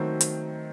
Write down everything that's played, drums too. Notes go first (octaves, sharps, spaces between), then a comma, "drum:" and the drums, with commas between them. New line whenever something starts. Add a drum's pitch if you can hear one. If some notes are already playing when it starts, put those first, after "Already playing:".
Already playing: D#3 F#3 A3 C4 F#4
drum: hi-hat